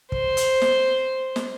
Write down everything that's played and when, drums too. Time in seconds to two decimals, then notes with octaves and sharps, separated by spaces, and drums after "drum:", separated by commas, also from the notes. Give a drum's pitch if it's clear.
0.12 C5, drum: kick
0.37 drum: hi-hat
0.62 drum: snare
1.36 drum: snare